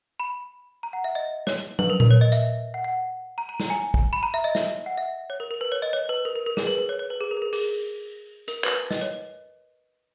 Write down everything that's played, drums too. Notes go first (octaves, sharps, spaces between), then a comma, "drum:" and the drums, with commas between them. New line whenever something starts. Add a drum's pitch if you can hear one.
B5
A#5
F#5
E5
D#5
C#5, drum: snare
B4, drum: tom
A#4
A#4, drum: tom A#2
C#5
D#5
E5, drum: hi-hat
F#5
F#5
A#5
A#5
A#5, drum: snare
G#5
drum: kick
B5
A#5
E5
D#5
E5, drum: snare
F#5
E5
C#5
A#4
A#4
B4
C#5
D#5
C#5
B4
A#4
A#4
A#4
G#4, drum: snare
B4
B4
C#5
C#5
B4
G#4
A#4
G#4
A#4
G#4, drum: open hi-hat
A#4, drum: hi-hat
B4, drum: clap
D#5, drum: snare
C#5